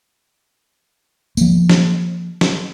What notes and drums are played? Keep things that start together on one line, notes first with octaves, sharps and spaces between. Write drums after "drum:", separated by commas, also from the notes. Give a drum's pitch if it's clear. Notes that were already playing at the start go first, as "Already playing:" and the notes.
F3 A#3, drum: tambourine
drum: snare
drum: snare